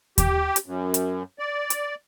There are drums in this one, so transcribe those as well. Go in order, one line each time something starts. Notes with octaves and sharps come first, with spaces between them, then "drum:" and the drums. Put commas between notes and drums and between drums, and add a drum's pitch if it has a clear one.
G4, drum: kick D#2, hi-hat
drum: hi-hat
F#2
drum: hi-hat
D5
drum: hi-hat